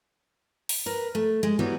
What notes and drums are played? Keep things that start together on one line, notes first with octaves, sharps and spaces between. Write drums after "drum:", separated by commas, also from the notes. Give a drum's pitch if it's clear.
drum: open hi-hat
A#4 B4
A3
G#3
E3 F#3 G3 B3